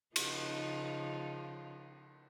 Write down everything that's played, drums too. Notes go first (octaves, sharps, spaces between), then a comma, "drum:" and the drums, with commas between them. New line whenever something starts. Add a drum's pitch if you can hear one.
C#3 F3 D#4, drum: cymbal